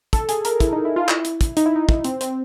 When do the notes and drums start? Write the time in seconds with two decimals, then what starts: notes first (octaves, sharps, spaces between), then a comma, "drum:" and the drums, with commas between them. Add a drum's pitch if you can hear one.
0.13 A4, drum: kick, hi-hat
0.29 G#4, drum: hi-hat
0.45 A#4, drum: hi-hat
0.60 E4, drum: kick, hi-hat
0.73 D#4
0.85 E4
0.96 F4
1.09 E4, drum: clap
1.25 drum: hi-hat
1.41 drum: kick, hi-hat
1.57 D#4, drum: hi-hat
1.66 E4
1.76 D#4
1.89 drum: kick
2.04 C4, drum: hi-hat
2.21 C4, drum: hi-hat